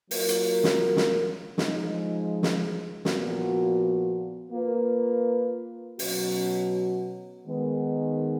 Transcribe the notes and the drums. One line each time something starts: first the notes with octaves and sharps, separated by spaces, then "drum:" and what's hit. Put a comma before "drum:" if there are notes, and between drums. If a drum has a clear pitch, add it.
F#3 A#3 F4 A#4, drum: open hi-hat
drum: hi-hat
drum: snare
drum: snare
F3 G#3 D#4, drum: snare
drum: snare
A#2 F3 B3 F#4, drum: snare
A#3 F4 B4
B2 F#3 C#4 F#4, drum: open hi-hat
D#3 G#3 B3